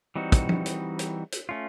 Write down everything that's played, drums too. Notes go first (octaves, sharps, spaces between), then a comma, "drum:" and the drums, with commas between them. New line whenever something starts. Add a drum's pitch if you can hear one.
E3 G3 C4 D#4 F#4
drum: kick, hi-hat
drum: tom
drum: hi-hat
drum: hi-hat
drum: hi-hat
A3 C#4 F4